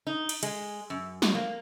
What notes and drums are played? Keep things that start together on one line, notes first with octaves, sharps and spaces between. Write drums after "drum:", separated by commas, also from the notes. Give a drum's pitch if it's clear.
D#4
drum: cymbal
G#3, drum: cymbal
F#2
drum: snare
A#3